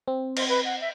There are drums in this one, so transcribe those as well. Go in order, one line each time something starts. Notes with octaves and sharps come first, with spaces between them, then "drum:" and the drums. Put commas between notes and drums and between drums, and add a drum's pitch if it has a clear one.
C4
C5, drum: cymbal
B4
F#5
E5